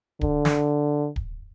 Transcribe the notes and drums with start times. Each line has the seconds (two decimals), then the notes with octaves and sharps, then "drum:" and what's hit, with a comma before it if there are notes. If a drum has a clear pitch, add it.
0.21 D3, drum: kick D1
0.45 drum: snare
1.16 drum: kick D1